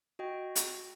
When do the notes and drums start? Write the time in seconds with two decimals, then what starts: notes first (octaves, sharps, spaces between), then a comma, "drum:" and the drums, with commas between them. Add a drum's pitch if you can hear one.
0.19 F#4 D#5 G5
0.56 drum: hi-hat